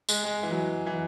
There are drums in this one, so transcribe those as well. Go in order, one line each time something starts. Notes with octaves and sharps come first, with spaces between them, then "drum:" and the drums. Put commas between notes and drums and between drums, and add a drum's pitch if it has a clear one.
G#3, drum: tambourine
G#3
E3
F#3
E3